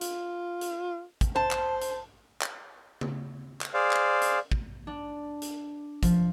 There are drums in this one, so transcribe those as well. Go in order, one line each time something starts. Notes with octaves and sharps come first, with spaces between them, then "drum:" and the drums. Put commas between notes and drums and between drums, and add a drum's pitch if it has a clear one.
F4, drum: hi-hat
drum: hi-hat
drum: kick, hi-hat
C5 A5
drum: clap
drum: hi-hat
drum: clap
drum: tom
drum: clap
G#4 C5 D5 F5
drum: clap
drum: hi-hat
drum: kick
D4
drum: hi-hat
F3, drum: kick, hi-hat